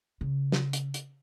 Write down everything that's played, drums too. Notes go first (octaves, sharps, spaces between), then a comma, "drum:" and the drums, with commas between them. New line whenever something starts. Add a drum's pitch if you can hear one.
C#3
drum: snare
drum: hi-hat
drum: hi-hat